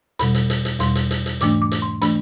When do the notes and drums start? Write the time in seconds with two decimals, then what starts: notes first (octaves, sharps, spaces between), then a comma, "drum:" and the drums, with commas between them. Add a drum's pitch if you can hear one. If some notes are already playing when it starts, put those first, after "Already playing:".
0.19 E2 B2 G3 B5, drum: hi-hat
0.35 drum: hi-hat
0.50 drum: hi-hat
0.65 drum: hi-hat
0.80 E2 B2 G3 C6, drum: hi-hat
0.95 drum: hi-hat
1.11 drum: hi-hat
1.26 drum: hi-hat
1.41 G#2 E3 A3 D4 D6, drum: hi-hat
1.62 D6
1.72 drum: hi-hat
1.82 C6
2.02 E3 A3 D4 B5, drum: hi-hat